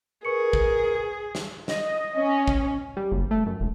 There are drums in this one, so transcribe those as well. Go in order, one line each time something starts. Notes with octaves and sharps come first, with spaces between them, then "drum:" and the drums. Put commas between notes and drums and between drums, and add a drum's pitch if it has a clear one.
G#4 A#4 B4 C#6 C#7
drum: kick
drum: snare
D#5, drum: snare
C#4
drum: kick
G3
F#1
A3
F#2
E1